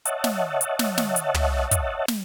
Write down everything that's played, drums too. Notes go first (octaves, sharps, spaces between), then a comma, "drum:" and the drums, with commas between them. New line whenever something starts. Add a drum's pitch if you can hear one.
C#5 D#5 E5 F#5 A5, drum: hi-hat
drum: snare
drum: hi-hat
drum: snare
drum: snare
drum: hi-hat
drum: tom
drum: kick, hi-hat
drum: snare